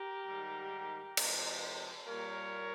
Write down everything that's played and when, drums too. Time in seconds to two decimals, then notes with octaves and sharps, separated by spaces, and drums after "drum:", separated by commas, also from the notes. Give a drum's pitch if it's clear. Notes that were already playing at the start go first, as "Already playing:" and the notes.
Already playing: G4 A#4
0.27 G#2 D#3 G3
1.17 C3 F3 G#3, drum: cymbal
2.06 A#2 G3 A#3 A#4 C#5